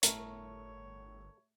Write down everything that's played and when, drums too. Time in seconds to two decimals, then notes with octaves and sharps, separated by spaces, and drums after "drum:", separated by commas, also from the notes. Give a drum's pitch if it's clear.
0.03 G1 A2 A3 A#4 C#5, drum: hi-hat